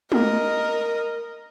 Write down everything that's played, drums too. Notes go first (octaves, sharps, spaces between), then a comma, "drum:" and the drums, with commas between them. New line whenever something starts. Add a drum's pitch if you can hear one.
A#4 D#5, drum: tom G#3